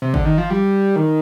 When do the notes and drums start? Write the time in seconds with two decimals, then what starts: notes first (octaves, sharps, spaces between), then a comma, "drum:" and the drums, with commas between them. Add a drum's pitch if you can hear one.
0.02 C3
0.14 D3, drum: kick
0.25 D#3
0.38 F3
0.50 G3
0.96 D#3